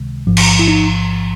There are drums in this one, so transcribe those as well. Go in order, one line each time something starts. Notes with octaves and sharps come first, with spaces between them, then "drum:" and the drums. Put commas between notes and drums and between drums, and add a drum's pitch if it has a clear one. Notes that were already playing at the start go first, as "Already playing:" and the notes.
Already playing: C#2 C3 D#3 G#3
A1 G#2 F3
drum: cymbal
E4
D#4